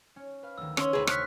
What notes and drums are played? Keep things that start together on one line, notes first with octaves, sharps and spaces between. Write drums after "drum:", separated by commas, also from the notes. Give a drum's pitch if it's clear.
C#4
B4 F5
D2 D#3 E6
C#4 C#5 C6 C#6 E6, drum: rim click
D2 C3 G#4 B4
C#5 F6 F#6 B6, drum: rim click